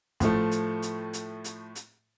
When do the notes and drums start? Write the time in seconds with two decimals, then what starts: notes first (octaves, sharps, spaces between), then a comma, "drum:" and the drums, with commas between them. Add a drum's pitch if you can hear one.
0.20 A2 F3 A3, drum: kick, hi-hat
0.51 drum: hi-hat
0.82 drum: hi-hat
1.13 drum: hi-hat
1.44 drum: hi-hat
1.75 drum: hi-hat